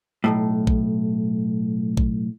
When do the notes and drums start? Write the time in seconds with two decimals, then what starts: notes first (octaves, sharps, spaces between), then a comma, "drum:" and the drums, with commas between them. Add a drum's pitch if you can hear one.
0.24 B1 F2 A2
0.67 drum: kick A#1
1.97 drum: kick A#1